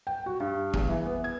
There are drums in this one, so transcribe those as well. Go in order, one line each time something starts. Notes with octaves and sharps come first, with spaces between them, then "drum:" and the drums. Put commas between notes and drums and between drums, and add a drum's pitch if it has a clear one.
G5
F#4
G2
E2, drum: kick
E3
B3
G#6